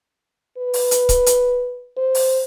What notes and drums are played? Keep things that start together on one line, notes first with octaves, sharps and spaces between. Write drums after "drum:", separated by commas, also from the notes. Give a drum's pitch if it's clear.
B4
drum: open hi-hat
drum: hi-hat
drum: kick C#1, hi-hat
drum: hi-hat
C5
drum: open hi-hat